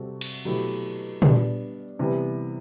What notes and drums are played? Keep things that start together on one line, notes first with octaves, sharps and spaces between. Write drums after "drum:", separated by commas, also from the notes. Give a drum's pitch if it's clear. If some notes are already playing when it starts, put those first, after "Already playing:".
Already playing: C3 G3 C4 F#4 A4
drum: cymbal
B2 F#3 A3 E4 G4
G3 B3 D4, drum: tom
C3 E3 G3 B3